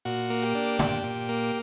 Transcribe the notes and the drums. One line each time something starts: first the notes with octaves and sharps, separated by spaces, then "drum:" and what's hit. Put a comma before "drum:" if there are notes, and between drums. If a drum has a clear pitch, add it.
A#2 F#4
A#3
G4
D4
A#2, drum: tom
A#2
A#3